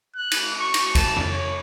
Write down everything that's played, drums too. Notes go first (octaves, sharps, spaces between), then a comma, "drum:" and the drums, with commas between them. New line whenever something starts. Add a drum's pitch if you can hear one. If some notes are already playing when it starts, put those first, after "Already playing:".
F#6
drum: cymbal
C#6
drum: cymbal
A5, drum: kick, cymbal
drum: tom F2
C#5